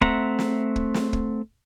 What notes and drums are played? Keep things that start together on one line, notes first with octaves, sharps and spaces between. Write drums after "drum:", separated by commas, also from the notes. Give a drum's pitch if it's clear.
A3 C4 E5 F#5 A#5, drum: kick
drum: snare
drum: kick
drum: snare
drum: kick